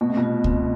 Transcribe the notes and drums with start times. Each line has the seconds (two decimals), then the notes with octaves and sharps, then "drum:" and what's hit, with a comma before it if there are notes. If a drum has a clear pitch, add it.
0.01 B2 A3
0.09 C3
0.17 B2
0.23 F4
0.44 C4, drum: kick C#2